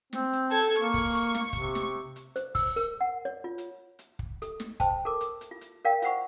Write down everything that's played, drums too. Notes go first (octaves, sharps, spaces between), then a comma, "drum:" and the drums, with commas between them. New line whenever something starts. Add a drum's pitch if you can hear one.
C4, drum: snare
drum: hi-hat
A4 G#6, drum: hi-hat
A#3 C#6
drum: kick, open hi-hat
drum: hi-hat
drum: snare
C3, drum: kick, hi-hat
drum: snare
drum: hi-hat
C5, drum: hi-hat
E6, drum: kick, open hi-hat
A#4, drum: hi-hat
F#5
C#5
F4
drum: hi-hat
drum: hi-hat
drum: kick
A4, drum: hi-hat
drum: snare
C5 G5 A5, drum: kick, hi-hat
A4 A#4 D6
drum: hi-hat
drum: hi-hat
F4
drum: hi-hat
A#4 D5 F5 G5
F4 A#4 C5 F#5 B5 C#6, drum: hi-hat